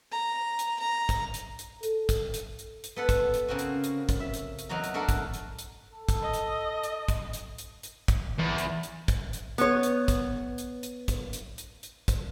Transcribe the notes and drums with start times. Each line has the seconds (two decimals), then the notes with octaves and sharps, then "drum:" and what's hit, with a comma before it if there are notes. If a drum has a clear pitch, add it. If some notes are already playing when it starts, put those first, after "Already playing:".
0.12 A#5
0.59 drum: hi-hat
0.80 A#5
1.09 drum: kick, hi-hat
1.34 drum: hi-hat
1.59 drum: hi-hat
1.83 A4, drum: hi-hat
2.09 drum: kick, hi-hat
2.34 drum: hi-hat
2.59 drum: hi-hat
2.84 drum: hi-hat
2.96 B3 A4 F#5
3.09 drum: kick, hi-hat
3.34 drum: hi-hat
3.48 C#3 A#3 C4 C#4 F#4
3.59 drum: hi-hat
3.84 drum: hi-hat
4.09 drum: kick, hi-hat
4.20 E5
4.34 drum: hi-hat
4.59 drum: hi-hat
4.69 E2 F#3 D#4 F#4 A#5
4.84 drum: hi-hat
4.94 D4 F#4 A4 A#4 F#5
5.09 drum: kick, hi-hat
5.34 drum: hi-hat
5.59 drum: hi-hat
5.92 A4
6.09 drum: kick, hi-hat
6.22 D#5
6.34 drum: hi-hat
6.83 drum: hi-hat
7.08 drum: kick, hi-hat
7.33 drum: hi-hat
7.58 drum: hi-hat
7.83 drum: hi-hat
8.08 drum: kick, hi-hat
8.38 E2
8.58 drum: hi-hat
8.83 drum: hi-hat
9.08 drum: kick, hi-hat
9.33 drum: hi-hat
9.58 B3 C#5, drum: hi-hat
9.83 drum: hi-hat
10.08 drum: kick, hi-hat
10.58 drum: hi-hat
10.83 drum: hi-hat
11.08 drum: kick, hi-hat
11.33 drum: hi-hat
11.58 drum: hi-hat
11.83 drum: hi-hat
12.08 drum: kick, hi-hat